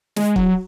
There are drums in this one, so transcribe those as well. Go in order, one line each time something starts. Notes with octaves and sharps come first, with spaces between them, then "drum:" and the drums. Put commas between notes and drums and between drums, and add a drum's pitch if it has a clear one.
G#3, drum: snare
F#3, drum: kick